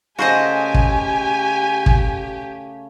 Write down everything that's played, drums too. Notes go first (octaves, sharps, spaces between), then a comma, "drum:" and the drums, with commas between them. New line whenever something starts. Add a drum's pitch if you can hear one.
C#3 A3 F#4 G4 C5 D#5 G#5
drum: kick
drum: kick